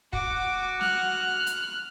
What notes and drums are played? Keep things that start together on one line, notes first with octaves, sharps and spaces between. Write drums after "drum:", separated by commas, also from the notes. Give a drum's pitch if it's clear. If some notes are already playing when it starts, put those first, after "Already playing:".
F#4 D6, drum: kick
F6 F#6, drum: snare
drum: hi-hat